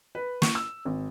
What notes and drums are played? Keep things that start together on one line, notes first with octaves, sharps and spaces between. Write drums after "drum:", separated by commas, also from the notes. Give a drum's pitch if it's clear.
B4
C#6, drum: snare
E6
G#1